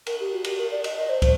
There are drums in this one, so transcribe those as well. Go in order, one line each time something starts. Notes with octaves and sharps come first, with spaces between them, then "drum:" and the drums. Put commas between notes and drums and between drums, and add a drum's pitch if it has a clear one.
A#4, drum: cymbal
G4
F#4
G4, drum: cymbal
A#4
D5
D#5, drum: cymbal
D#5
C5
C5, drum: kick, cymbal